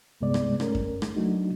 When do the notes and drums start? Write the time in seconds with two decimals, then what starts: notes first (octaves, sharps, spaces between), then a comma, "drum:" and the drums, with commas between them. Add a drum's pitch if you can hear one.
0.21 C2 G2 C3 G#3 B3 D5
0.34 drum: rim click
0.60 A3 C#4 A#4, drum: rim click
0.75 drum: kick F#2
1.02 drum: rim click
1.16 F#3 A3 D4 D#4 F#4